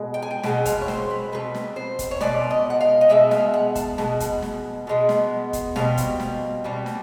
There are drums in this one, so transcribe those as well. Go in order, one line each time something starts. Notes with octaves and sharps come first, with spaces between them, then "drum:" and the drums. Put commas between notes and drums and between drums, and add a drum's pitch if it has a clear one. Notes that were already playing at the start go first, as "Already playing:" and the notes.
Already playing: B2 G#3
G5
G#5
G5
B2 G#3 C4 F#5, drum: snare
F5, drum: kick, hi-hat
C#5
C5, drum: snare
B4
B2 G#3 C4 B4
drum: snare
C5
drum: kick, hi-hat
C#5
B2 G#3 B3 D5, drum: snare
D#5
F#5
F5
D#5
B2 G#3 B3 E5
F5, drum: snare
F#5
A5, drum: kick, hi-hat
B2 G#3 F#5, drum: snare
drum: kick, hi-hat
drum: snare
B2 G#3 B3
drum: snare
drum: kick, hi-hat
B2 G3 C4 F5, drum: snare
drum: kick, hi-hat
drum: snare
B2 G3 C4
drum: snare